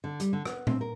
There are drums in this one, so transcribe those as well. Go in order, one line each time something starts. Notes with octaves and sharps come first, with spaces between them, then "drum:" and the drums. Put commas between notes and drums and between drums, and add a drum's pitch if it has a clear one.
D3
G3, drum: hi-hat
D3
B3, drum: rim click
C4, drum: tom A#2
A#4